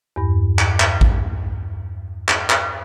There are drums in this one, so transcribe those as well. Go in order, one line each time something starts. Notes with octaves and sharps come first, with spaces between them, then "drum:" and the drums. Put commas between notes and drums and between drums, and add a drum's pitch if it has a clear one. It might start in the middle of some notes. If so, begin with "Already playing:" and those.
E2 G2
drum: clap
drum: clap
drum: kick A1
drum: clap
drum: clap